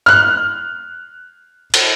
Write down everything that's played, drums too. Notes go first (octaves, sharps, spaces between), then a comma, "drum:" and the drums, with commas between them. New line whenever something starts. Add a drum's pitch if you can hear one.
F6 F#6
drum: cymbal